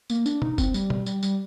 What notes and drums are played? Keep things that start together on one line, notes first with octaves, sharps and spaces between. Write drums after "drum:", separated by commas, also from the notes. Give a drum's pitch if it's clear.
A#3, drum: tambourine
D4, drum: tambourine
D#4, drum: tom B2
C4, drum: kick, tambourine
G3, drum: tambourine
drum: tom B2
G3, drum: tambourine
G3, drum: tambourine